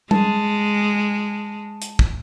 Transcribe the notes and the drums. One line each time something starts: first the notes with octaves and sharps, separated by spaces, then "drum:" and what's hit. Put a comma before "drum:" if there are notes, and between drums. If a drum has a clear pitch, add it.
G#3 A5, drum: tom G3
drum: hi-hat
drum: kick